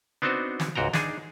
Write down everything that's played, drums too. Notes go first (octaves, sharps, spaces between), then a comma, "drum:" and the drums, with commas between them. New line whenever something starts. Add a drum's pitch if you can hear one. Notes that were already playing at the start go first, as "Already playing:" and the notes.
B3 C4 D4 D#4 F#4 C5
drum: snare
C#2 G#2 F#4 G5 A#5
D4 D#4 G#4, drum: snare